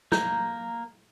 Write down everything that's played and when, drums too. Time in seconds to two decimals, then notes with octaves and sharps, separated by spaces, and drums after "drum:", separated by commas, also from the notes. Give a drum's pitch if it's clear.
0.12 A#3 A#5 G6, drum: snare